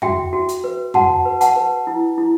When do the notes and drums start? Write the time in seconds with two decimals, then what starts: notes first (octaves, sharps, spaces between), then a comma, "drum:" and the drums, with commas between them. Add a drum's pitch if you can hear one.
0.02 F#4 E5 G5, drum: tom F2
0.33 F#4
0.49 drum: hi-hat
0.64 B4
0.94 F#4 F#5 A5, drum: tom F2
1.25 B4
1.41 F#5 A5, drum: hi-hat
1.56 B4
1.87 E4
2.18 E4